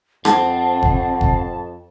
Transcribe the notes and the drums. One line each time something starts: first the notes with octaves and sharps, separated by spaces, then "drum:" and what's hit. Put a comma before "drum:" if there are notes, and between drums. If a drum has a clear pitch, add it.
F2 C4 F#5 A5, drum: rim click
drum: kick F#1
drum: kick F#1